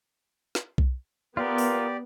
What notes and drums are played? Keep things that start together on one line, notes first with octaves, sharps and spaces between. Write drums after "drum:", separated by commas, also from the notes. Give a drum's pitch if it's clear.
drum: snare
drum: kick B1
B3 F4 G4 A#4 D5
drum: open hi-hat